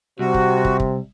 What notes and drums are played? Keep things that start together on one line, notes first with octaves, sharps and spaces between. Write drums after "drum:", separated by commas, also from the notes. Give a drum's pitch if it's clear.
C2 C3 F#4
drum: kick
drum: kick
drum: kick